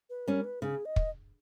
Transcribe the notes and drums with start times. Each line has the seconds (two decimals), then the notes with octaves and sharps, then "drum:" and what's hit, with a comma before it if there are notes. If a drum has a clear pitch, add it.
0.10 B4
0.27 G3 C#4 A#4
0.44 B4
0.62 C#3 G#4
0.85 D#5
0.96 drum: kick